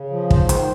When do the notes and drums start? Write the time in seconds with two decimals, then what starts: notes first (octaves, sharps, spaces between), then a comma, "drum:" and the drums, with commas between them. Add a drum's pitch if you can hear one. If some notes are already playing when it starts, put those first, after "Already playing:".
Already playing: C#3
0.10 F3
0.30 G#2 C5, drum: kick
0.49 D#3, drum: hi-hat